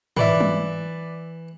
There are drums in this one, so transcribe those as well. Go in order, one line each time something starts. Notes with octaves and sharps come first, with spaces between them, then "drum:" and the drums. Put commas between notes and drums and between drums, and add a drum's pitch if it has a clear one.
E3 B4 D5 E5, drum: tom G#2
drum: tom F#3